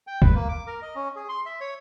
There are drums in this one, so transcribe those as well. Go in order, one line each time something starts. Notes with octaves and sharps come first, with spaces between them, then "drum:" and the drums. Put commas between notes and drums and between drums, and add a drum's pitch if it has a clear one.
G5
B4, drum: kick
A#3
D6
A#4
D#5
C#4
G#4
C6
E5
C#5